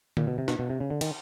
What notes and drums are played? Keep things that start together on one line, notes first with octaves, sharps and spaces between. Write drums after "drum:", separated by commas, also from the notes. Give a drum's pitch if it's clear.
A#2, drum: tom D3
B2
C3
B2, drum: snare
B2
C3
C#3
D3
D#3, drum: cymbal